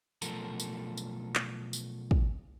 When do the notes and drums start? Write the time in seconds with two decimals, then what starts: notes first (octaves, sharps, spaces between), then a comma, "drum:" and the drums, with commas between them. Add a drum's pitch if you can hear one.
0.22 B1 F3 A3 A4 A#4, drum: tambourine
0.60 drum: tambourine
0.97 drum: tambourine
1.35 drum: clap
1.73 drum: tambourine
2.11 drum: kick